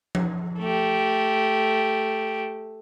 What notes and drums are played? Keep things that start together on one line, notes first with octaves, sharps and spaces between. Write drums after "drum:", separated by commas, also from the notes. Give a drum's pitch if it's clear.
drum: tom F3
A3 G4